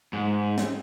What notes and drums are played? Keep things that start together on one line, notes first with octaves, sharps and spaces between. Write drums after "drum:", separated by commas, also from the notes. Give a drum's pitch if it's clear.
G#2
drum: snare